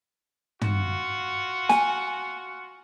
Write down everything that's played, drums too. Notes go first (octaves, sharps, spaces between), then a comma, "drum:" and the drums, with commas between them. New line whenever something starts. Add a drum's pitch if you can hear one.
F4 F#4, drum: tom
G#5, drum: snare